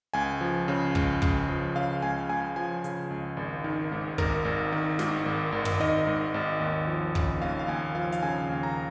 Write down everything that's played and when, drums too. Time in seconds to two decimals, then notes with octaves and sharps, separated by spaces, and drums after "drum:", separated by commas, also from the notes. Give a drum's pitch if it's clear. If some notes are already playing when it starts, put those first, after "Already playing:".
0.14 C#2 G#5
0.41 F3
0.68 C#3
0.95 C#2, drum: kick
1.22 C#2, drum: kick
1.49 F3
1.76 C#3 F5
2.02 C#2 G#5
2.30 C#2 G#5
2.56 F3 G#5
2.84 C#3, drum: hi-hat
3.10 C#2
3.37 G#1
3.64 D#3
3.92 G#2
4.18 G#1 A#4, drum: kick
4.45 G#1
4.72 D#3
4.99 G#2, drum: snare
5.26 G#1
5.52 G#1
5.65 drum: tom
5.80 D#3 D#5
6.07 G#2
6.34 G#1
6.60 D#2
6.87 F3
7.15 C#3, drum: kick
7.42 D#2 F5
7.59 F5
7.68 D#2 G#5
7.95 F3 F5
8.12 F5, drum: hi-hat
8.23 C#3 G#5
8.49 D#2
8.63 A#5